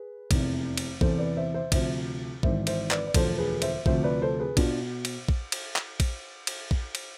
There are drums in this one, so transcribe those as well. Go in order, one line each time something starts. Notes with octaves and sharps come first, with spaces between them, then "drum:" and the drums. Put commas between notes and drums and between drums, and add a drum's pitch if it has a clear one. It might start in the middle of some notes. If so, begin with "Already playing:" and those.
Already playing: G#4 B4
F1 E2 C3 E3, drum: kick A#1, cymbal
drum: cymbal
E2 C3 E3 A4 C5, drum: kick A#1
B4 D5
C5 E5
C5 E5
D2 C3 F3 C5 E5, drum: kick A#1, cymbal
G#1 G#2 E3 C5 E5, drum: kick A#1
C5 E5, drum: cymbal
B4 D5, drum: clap
D5
E1 D2 D3 F3 A4 C5, drum: kick A#1, cymbal
G#4 B4
C5 E5, drum: cymbal
D2 C3 F3 C5 E5, drum: kick A#1
B4 D5
A4 C5
G#4 B4
B2 D4 F4, drum: kick A#1, cymbal
drum: cymbal
drum: kick A#1
drum: cymbal
drum: clap
drum: kick A#1, cymbal
drum: cymbal
drum: kick A#1
drum: cymbal